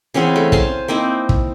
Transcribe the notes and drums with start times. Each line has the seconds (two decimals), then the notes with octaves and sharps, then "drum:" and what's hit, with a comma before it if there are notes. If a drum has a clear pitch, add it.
0.14 C#3 E3 B3 C4
0.36 A3
0.52 C5 F5 G#5 A5, drum: kick
0.88 A#3 C4 D#4 E4
1.29 drum: kick